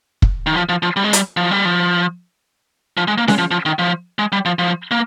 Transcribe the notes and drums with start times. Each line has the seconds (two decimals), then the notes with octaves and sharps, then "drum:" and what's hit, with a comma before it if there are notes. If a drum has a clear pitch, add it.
0.22 drum: kick
0.46 D#3
0.56 F3
0.69 F3
0.83 F3
0.96 G3
1.04 G#3
1.13 G3, drum: hi-hat
1.37 F3
1.51 G3
1.65 F3
2.97 F3
3.08 G#3
3.18 A#3
3.28 G#3, drum: snare C#4
3.38 F3
3.51 F3
3.66 D#3
3.79 F3
4.19 G#3
4.32 G3
4.45 F3
4.59 F3
4.91 A#3